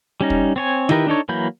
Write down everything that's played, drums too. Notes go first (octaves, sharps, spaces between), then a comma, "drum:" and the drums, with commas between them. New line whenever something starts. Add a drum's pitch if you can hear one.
G3 C#4 D#4
drum: kick
C4 C#5 G#5
D#4 E4 G4 A#4 B4, drum: tom D#3
D4 D#4 A4 C#5
E3 F#3 A#3 B5 G6